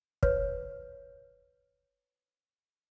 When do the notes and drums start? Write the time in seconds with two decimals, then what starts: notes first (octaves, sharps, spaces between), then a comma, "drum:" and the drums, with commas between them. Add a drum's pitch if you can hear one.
0.23 B4 C#5, drum: kick